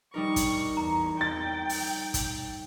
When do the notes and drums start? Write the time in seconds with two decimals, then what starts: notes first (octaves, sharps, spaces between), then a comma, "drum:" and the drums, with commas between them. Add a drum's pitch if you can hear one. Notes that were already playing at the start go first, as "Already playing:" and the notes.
0.14 G3 D#4 A#4 C#6
0.36 drum: kick, hi-hat
0.77 E2 A#5
1.21 G5 A6
1.69 drum: open hi-hat
2.14 drum: kick, hi-hat